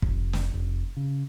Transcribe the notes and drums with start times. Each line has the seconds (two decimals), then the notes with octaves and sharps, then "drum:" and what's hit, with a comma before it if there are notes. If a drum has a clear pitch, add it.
0.02 F1, drum: kick
0.33 drum: snare
0.54 F1
0.97 C#3